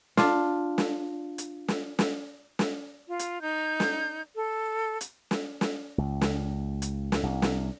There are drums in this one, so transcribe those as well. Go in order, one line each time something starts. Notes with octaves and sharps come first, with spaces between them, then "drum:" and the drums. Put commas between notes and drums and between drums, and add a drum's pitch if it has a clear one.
D4 F4, drum: snare
drum: snare
drum: hi-hat
drum: snare
drum: snare
drum: snare
F4
drum: hi-hat
D#4 G6
drum: snare
A4
drum: hi-hat
drum: snare
drum: snare
C#2
drum: snare
drum: hi-hat
drum: snare
C2
drum: snare